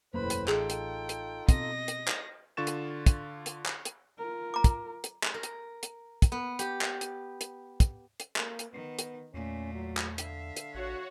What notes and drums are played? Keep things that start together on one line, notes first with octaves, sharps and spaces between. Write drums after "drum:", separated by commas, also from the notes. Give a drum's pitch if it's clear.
E1 F#2 A2 A#3 B4 C5 B5
drum: hi-hat
A1 D#4 F4 G#4 A4 G5, drum: clap
drum: hi-hat
drum: hi-hat
B2 C4 D#5 A#6, drum: kick, hi-hat
drum: hi-hat
drum: clap
D3 F4 C#6 A6 E7
drum: hi-hat
drum: kick, hi-hat
drum: hi-hat
drum: clap
drum: hi-hat
F4 A#4
A#5 D6
drum: kick, hi-hat
drum: hi-hat
drum: clap
A#4
drum: hi-hat
drum: hi-hat
drum: kick, hi-hat
B3
G4, drum: hi-hat
drum: clap
drum: hi-hat
drum: hi-hat
drum: kick, hi-hat
drum: hi-hat
A#3, drum: clap
drum: hi-hat
D#3 B3
drum: hi-hat
E2 A#2 A3 C#4
F#3
drum: clap
D3 E5 F5, drum: hi-hat
drum: hi-hat
A1 F#4 C#5 F#5